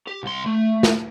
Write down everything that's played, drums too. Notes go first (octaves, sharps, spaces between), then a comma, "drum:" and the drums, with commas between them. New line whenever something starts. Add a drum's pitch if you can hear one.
G4
C2 C6
A3
drum: snare